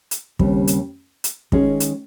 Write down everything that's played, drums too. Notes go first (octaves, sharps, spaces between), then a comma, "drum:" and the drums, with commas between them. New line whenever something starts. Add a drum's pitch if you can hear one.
drum: hi-hat
D#2 C#3 G3 C4, drum: kick
drum: hi-hat
drum: hi-hat
D#3 G#3 C#4 G#4, drum: kick
drum: hi-hat